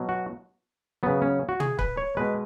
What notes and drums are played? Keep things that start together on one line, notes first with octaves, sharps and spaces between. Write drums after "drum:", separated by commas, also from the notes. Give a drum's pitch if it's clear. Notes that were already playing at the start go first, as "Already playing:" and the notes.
Already playing: B2 F#3
F#4
C#3 F#3 B3
C#4
F#4
G#4, drum: tom
B4, drum: kick C#1
C#5
B2 G#3 B4